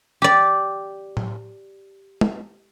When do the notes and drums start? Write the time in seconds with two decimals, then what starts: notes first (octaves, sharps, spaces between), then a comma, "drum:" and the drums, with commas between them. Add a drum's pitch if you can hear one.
0.22 G4 D5
1.17 drum: tom A2
2.21 drum: tom